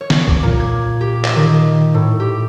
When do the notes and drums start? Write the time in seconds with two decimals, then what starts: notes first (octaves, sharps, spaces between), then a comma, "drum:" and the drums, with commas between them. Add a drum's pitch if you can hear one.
0.01 C#5
0.10 drum: snare D#3
0.28 D6, drum: kick
0.43 A#2
0.60 G#6
1.01 G4
1.24 drum: clap
1.36 D#3
1.94 A2
2.20 G4